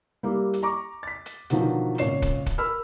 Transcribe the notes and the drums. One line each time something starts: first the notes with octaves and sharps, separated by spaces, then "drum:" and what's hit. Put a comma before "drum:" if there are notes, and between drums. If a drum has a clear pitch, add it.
G3 A#3 E4 G4
drum: hi-hat
A#5 C#6 D6
A6 B6
drum: hi-hat
B2 D3 D#3 F3 F#3, drum: hi-hat
G#1 A#2 C#3 C#5 C7 E7, drum: hi-hat
drum: kick, hi-hat
drum: kick, hi-hat
A#4 B5 E6 F6